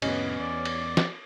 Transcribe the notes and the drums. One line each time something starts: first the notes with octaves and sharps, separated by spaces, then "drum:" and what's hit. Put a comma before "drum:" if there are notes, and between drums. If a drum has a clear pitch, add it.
F2 A2 C3 B3 C#4 D#5, drum: cymbal
E2 D5
drum: cymbal
drum: snare